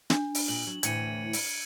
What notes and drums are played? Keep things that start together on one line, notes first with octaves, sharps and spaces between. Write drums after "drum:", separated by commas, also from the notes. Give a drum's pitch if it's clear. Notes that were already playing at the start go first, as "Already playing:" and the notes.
D4, drum: snare
drum: open hi-hat
A#2 F#7
F#3
D2 A2 E3 G#6 C#7 D#7, drum: hi-hat
drum: open hi-hat